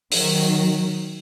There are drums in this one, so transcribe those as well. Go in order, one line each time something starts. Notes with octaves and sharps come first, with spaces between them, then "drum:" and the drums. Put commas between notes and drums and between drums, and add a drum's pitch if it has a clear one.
D#3 F#3, drum: open hi-hat